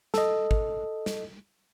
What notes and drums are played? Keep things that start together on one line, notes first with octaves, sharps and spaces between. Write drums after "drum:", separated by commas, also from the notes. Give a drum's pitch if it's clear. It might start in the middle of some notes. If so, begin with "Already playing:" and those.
A4 D#5, drum: snare
drum: kick G#1
drum: snare